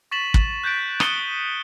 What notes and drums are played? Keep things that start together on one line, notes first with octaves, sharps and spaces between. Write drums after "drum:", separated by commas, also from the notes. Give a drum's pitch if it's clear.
C#6 A6 B6 E7 F#7
drum: kick
F#6 G6 A6 B6 D7
D#6 G6 C#7 D#7 E7 G7, drum: rim click